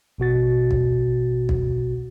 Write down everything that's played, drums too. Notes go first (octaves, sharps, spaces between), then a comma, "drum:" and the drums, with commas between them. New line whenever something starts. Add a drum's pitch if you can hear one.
A1 B2 F#4 A6
drum: kick
drum: kick